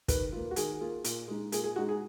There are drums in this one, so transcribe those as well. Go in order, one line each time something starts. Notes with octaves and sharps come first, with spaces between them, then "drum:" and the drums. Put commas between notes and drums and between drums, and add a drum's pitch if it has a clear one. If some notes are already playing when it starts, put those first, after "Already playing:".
D#3 B4, drum: kick, hi-hat
A#3 F4
F#4
D#3 G#4, drum: hi-hat
A#3 F4
A#2, drum: hi-hat
G#3 D#4
A#2 G#4, drum: hi-hat
G#4
G#3 D#4 F#4
G#4